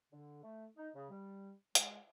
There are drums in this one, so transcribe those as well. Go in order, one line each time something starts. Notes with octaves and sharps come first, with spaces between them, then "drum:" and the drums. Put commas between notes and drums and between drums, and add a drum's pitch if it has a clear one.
D3
A3
D#4
C#3
G3
G#3, drum: hi-hat